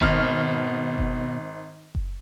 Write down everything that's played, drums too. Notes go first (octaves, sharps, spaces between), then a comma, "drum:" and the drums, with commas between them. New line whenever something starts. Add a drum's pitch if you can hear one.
G#1 B2 F6, drum: kick F#1
drum: kick F#1
drum: kick F#1